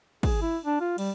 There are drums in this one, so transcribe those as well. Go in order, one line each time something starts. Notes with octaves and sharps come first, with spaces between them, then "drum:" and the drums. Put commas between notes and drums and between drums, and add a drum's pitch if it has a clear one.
G#4, drum: kick, cymbal
E4
D4
F4
G3, drum: cymbal